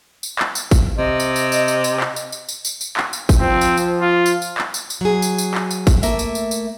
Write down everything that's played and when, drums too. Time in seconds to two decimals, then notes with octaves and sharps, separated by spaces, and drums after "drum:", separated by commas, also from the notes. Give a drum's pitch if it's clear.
0.23 drum: tambourine
0.39 drum: clap
0.55 drum: tambourine
0.71 drum: kick G#1, tambourine
0.98 C3 D#5
1.20 drum: tambourine
1.36 drum: tambourine
1.52 drum: tambourine
1.68 drum: tambourine
1.84 drum: tambourine
2.00 drum: clap
2.16 drum: tambourine
2.32 drum: tambourine
2.49 drum: tambourine
2.65 drum: tambourine
2.81 drum: tambourine
2.97 drum: clap
3.13 drum: tambourine
3.29 drum: kick G#1, tambourine
3.40 F3 C4
3.61 drum: tambourine
3.77 drum: tambourine
4.01 F4
4.26 drum: tambourine
4.42 drum: tambourine
4.58 drum: clap
4.74 drum: tambourine
4.90 drum: tambourine
5.01 F#3 G#4
5.22 drum: tambourine
5.38 drum: tambourine
5.55 drum: clap
5.71 drum: tambourine
5.87 drum: kick G#1, tambourine
6.03 A3 A#3 E5, drum: tambourine
6.19 drum: tambourine
6.35 drum: tambourine
6.51 drum: tambourine